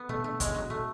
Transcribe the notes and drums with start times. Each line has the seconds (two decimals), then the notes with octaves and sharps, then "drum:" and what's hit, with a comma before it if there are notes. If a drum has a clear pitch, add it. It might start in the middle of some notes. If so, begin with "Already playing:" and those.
Already playing: B3
0.09 B2 A3
0.24 A3 D4
0.40 B2 G#3, drum: kick, hi-hat
0.55 F#3 D4
0.70 B2 A3